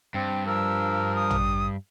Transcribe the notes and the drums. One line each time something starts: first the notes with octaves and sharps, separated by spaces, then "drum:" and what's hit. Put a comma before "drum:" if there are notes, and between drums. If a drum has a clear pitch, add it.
G2 C4
F3 A#4 E6
D#6
drum: tom